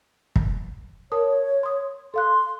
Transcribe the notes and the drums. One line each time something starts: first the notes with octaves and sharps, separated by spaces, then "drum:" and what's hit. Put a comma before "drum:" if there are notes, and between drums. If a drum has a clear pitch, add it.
drum: kick
A#4 C#5 A5 D#6
C6 D#6
A4 F5 C6 F#6